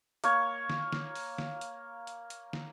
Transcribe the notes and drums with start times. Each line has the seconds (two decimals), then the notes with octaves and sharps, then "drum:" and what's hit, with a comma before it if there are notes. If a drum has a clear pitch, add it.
0.24 A#3 C#5, drum: hi-hat
0.70 drum: snare
0.92 drum: snare
1.15 drum: open hi-hat
1.38 drum: snare
1.61 drum: hi-hat
2.07 drum: hi-hat
2.30 drum: hi-hat
2.53 drum: snare